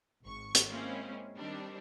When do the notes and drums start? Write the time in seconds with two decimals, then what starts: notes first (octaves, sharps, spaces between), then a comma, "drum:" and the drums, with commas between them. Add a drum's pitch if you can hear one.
0.23 G#1 C#6
0.55 drum: hi-hat
0.69 G#3 A#3 C4 C#4 E4 F4
1.37 D#3 G3 C4 D4